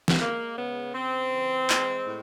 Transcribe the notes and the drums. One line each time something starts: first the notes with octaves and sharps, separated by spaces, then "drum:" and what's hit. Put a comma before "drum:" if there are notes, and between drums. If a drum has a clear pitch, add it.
drum: snare
G#3 A#3
C#3 B3
C#3 C4
E3
G#3, drum: clap
A2